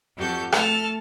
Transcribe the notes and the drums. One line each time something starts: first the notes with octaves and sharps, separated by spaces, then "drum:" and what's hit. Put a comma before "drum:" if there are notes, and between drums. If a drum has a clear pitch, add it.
F2 F#4 G4 A4 G6
A3 A4 A5 F6, drum: rim click